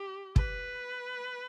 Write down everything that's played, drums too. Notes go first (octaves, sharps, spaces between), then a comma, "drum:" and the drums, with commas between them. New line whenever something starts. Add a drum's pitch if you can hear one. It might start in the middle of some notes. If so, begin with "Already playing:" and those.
Already playing: G4
B4, drum: kick